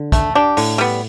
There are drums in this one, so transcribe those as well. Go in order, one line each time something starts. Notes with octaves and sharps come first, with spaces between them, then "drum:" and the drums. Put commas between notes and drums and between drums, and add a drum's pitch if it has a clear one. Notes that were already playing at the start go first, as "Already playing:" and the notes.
Already playing: D3
A3, drum: kick, hi-hat
D4 G4
A2 D3, drum: open hi-hat
G3 B3